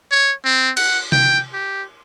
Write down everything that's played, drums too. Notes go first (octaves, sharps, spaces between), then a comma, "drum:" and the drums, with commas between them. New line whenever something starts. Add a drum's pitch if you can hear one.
C#5
C4
F#5, drum: cymbal
G5, drum: tom
G4